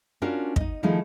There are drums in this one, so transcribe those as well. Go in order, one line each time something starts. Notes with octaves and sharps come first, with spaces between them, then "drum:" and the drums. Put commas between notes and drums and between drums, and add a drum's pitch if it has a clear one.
C#4 D4 F4 F#4 A#4
D#4 D#5, drum: kick
D#3 F3 A3 D#4 E4 G#4